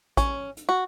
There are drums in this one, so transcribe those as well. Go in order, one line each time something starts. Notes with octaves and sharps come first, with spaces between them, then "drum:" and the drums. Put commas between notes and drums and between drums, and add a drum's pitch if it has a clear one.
C#4, drum: kick, hi-hat
drum: hi-hat
F#4